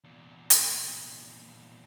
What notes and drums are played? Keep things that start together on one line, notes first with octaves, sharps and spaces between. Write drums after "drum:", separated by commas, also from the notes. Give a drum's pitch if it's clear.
E2 A#2
drum: hi-hat